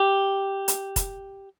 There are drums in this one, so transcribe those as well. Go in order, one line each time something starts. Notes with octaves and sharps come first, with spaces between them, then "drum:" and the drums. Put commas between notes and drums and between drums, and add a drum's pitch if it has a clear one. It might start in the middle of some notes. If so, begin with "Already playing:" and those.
Already playing: G4
drum: hi-hat
drum: kick, hi-hat